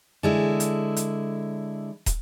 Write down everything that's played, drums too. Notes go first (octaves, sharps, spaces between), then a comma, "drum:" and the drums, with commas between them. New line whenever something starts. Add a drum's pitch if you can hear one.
D3 G#3 E4
drum: hi-hat
drum: hi-hat
drum: kick, hi-hat